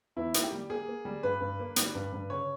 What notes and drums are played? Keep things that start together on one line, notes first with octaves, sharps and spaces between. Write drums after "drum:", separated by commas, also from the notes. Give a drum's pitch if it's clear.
E2 E4
A#3, drum: hi-hat
G4
G3
A#3 G#4
A#3
G3
G2 B4
G2
A#3
G3, drum: hi-hat
G2
G2
C#3 C#5